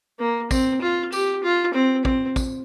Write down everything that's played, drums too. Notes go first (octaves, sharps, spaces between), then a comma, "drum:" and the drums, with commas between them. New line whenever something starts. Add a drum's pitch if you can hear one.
A#3
C4, drum: kick, tambourine
F4
G4, drum: tambourine
F4
C4
C4, drum: kick
drum: kick, tambourine